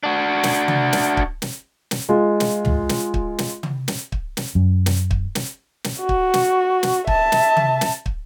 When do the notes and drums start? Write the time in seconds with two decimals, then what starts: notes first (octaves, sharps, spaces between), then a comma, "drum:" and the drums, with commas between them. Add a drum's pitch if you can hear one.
0.03 D4 F#4
0.43 drum: snare
0.68 drum: tom
0.93 drum: snare
1.17 drum: kick
1.42 drum: snare
1.91 drum: snare
2.09 G#3 F4
2.40 drum: snare
2.65 drum: tom
2.89 drum: snare
3.14 drum: kick
3.38 drum: snare
3.63 drum: tom
3.88 drum: snare
4.12 drum: kick
4.37 drum: snare
4.55 F#2
4.86 drum: snare
5.11 drum: kick
5.35 drum: snare
5.84 drum: snare
6.00 F#4
6.09 drum: kick
6.34 drum: snare
6.83 drum: snare
7.07 E5 A5, drum: kick
7.32 drum: snare
7.57 drum: tom
7.81 drum: snare
8.06 drum: kick